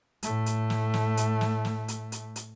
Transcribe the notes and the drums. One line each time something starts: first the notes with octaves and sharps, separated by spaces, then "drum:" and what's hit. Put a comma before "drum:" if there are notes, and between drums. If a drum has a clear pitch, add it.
A2 A3, drum: hi-hat
drum: hi-hat
drum: snare
drum: snare
drum: hi-hat
drum: snare
drum: snare
drum: hi-hat
drum: hi-hat
drum: hi-hat